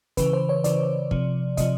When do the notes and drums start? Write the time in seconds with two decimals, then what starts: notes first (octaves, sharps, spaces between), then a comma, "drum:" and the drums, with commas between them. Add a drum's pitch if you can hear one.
0.17 C#3 E3 B4, drum: kick, hi-hat
0.33 C5
0.49 C#5
0.64 C#3 E3 D5, drum: hi-hat
1.11 C3 F3, drum: kick
1.57 C3 F3 D#5, drum: kick, hi-hat